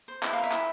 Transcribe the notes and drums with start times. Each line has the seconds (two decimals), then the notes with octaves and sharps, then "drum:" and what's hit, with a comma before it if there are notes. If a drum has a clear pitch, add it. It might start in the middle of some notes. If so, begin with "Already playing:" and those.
0.08 C5
0.23 E4 E5, drum: clap
0.33 A#4 F5
0.44 E5
0.52 E4, drum: clap